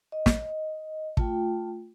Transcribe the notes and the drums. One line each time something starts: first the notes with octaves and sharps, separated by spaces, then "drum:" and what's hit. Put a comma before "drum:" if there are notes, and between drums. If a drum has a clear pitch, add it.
D#5
drum: snare
A3 F4 G5, drum: kick